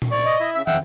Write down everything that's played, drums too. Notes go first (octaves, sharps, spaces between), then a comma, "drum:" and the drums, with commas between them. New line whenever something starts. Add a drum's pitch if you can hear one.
drum: tom A#2
D5 C#6
D#5
E4
C#3 E5
F2 E5 F#5 G5, drum: tom